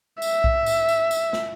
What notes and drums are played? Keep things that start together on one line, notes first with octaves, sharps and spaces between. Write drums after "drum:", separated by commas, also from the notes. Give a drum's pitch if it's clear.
E5, drum: tambourine
drum: kick B1
drum: tambourine
drum: tambourine
drum: tambourine
drum: snare